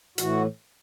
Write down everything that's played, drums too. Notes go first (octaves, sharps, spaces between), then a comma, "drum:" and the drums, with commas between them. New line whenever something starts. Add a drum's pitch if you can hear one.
A2 E3 F#4, drum: hi-hat